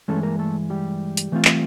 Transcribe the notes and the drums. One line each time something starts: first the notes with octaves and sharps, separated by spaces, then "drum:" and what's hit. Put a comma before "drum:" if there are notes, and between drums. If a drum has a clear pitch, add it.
G2 E3 G#3 A3 C#4 A4
A#3 A#4
A3 A4
G3 G4
drum: hi-hat
E3 A3 C4 F4
drum: clap